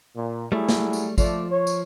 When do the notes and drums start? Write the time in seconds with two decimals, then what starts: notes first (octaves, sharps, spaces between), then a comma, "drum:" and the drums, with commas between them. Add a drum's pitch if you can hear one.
0.15 A#2
0.52 F#3 G3 A3 E4 G#4
0.69 drum: snare
0.93 drum: tambourine
1.18 F3 A3 D5, drum: kick, tambourine
1.51 C#5
1.67 drum: tambourine